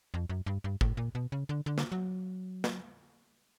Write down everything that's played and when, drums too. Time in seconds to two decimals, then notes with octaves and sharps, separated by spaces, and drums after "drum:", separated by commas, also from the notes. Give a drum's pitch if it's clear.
0.14 F2
0.29 F#2
0.46 G2
0.64 G2
0.81 A2, drum: kick G1
0.97 A#2
1.15 B2
1.32 C#3
1.49 D3
1.66 D3
1.78 drum: snare
1.92 F#3
2.64 drum: snare